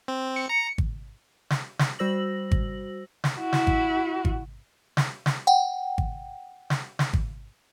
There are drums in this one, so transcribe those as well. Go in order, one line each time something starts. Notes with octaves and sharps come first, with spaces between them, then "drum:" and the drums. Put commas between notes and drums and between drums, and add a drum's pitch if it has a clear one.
C4
C#7
A#5
drum: kick G#1
drum: snare
drum: snare
G3 F#4 C5 E6 A#6 F#7
drum: kick G#1
drum: snare
E4 F#4
drum: snare
drum: kick G#1
drum: kick G#1
drum: snare
drum: snare
F#5 G5
drum: kick G#1
drum: snare
drum: snare
drum: kick G#1